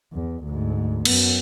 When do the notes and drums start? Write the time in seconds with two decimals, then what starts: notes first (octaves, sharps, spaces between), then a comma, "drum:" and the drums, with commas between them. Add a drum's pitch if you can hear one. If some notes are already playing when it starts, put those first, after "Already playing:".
0.13 E2
0.45 D2 G#2
1.05 F#2 B3, drum: cymbal